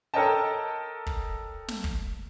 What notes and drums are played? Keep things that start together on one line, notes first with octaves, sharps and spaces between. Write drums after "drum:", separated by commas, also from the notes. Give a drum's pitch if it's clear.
A4 A#4 C#5 D#5 G5 A5
drum: kick
drum: snare
drum: kick